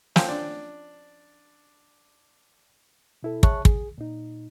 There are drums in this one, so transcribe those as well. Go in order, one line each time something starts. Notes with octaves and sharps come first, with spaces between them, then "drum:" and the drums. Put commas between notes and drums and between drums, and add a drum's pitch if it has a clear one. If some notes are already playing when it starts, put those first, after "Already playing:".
F3 C4 C#4, drum: snare
D4
B2 E4 A4
G#4 C#5 E5 A5 C#6 F#6, drum: kick
G#4, drum: kick
A#2 D#4